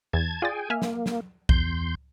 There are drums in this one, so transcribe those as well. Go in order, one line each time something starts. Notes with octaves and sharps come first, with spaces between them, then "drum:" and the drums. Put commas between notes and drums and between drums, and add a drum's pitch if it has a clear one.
E2 A5 G#6
F4 G#4 D5 G5 G#5 A6
A#3 E5 G#5 F6
drum: snare
drum: snare
E2 C6 G6, drum: kick B1